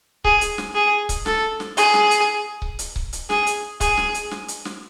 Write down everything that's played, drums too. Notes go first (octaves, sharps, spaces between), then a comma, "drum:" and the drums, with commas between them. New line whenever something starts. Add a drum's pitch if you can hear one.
G#4, drum: kick C#1
drum: hi-hat
drum: snare
G#4
drum: kick C#1, hi-hat
A4, drum: snare
drum: snare
G#4, drum: hi-hat
drum: snare
drum: hi-hat
drum: kick C#1
drum: hi-hat
drum: kick C#1
drum: hi-hat
G#4, drum: snare
drum: hi-hat
G#4, drum: kick C#1, hi-hat
drum: snare
drum: hi-hat
drum: snare
drum: hi-hat
drum: snare